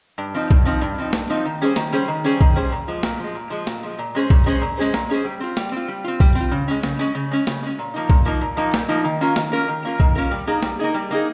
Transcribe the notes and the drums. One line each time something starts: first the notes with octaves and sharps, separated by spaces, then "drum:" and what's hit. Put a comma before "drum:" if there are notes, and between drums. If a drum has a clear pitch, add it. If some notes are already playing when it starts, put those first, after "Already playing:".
G2
F3 C4 D#4
G2, drum: kick B1
F3 C4 D#4
G2
F3 C4 D#4
G2, drum: snare
F3 C4 D#4
D#3
G3 C#4 G#4 C5
D#3, drum: snare
G3 C#4 G#4 C5
D#3
G3 C#4 G#4 C5
D#3, drum: kick B1
G3 C#4 G#4 C5
A#2
F3 G#3
A#2, drum: snare
F3 G#3
A#2
F3 G#3
A#2, drum: snare
F3 G#3
A#2
G#3 C#4 G#4 C5
A#2, drum: kick B1
G#3 C#4 G#4 C5
A#2
G#3 C#4 G#4 C5
A#2, drum: snare
G#3 C#4 G#4 C5
G3
C4 F4
G3, drum: snare
C4 F4
G3
C4 F4
G3, drum: kick B1
C4
F4
C#3
G#3 C#4
C#3, drum: snare
G#3 C#4
C#3
G#3 C#4
C#3, drum: snare
G#3 C#4
A#2
F3 A#3 D#4
A#2, drum: kick B1
F3 A#3 D#4
A#2
F3 A#3 D#4
A#2, drum: snare
F3 A#3 D#4
D#3
A#3 C#4 F4 A#4
D#3, drum: snare
A#3 C#4 F4 A#4
D#3
A#3 C#4 F4 A#4
D#3, drum: kick B1
A#3 C#4 F4 A#4
G3
A#3 D#4 G#4
G3, drum: snare
A#3 D#4 G#4
G3
A#3 D#4 G#4